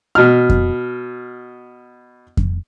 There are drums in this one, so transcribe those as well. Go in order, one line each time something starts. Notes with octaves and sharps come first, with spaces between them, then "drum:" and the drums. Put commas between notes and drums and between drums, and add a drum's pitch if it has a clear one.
B2 F6
drum: kick F2
drum: kick F2